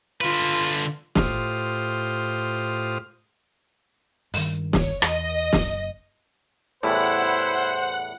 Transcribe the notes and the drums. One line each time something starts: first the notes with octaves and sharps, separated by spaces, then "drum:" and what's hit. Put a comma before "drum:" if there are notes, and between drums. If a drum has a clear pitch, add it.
D3 F4 B4
A2 F4 G4 C5 D#6 F6, drum: snare
G2 D#3, drum: open hi-hat
C#5, drum: snare
E2 D#5, drum: rim click
F#1, drum: snare
E2 A2 G3 E4 C5 F#5